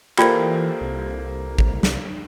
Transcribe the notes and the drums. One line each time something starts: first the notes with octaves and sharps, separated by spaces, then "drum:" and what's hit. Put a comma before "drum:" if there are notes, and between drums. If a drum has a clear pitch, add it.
E3 A#3 F4 G4 A4 C5 D5 G5, drum: clap
C2
drum: kick A1
drum: snare